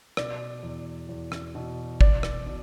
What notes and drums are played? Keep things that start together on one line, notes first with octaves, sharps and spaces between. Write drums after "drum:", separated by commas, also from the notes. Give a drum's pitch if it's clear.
B2 D5, drum: rim click
E2
E2
drum: rim click
B2
B2 D5, drum: kick
drum: rim click
B2